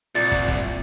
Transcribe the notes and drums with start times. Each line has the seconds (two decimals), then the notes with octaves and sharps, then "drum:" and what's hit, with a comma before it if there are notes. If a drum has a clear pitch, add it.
0.15 C2 A#2 A6
0.32 drum: kick
0.48 drum: kick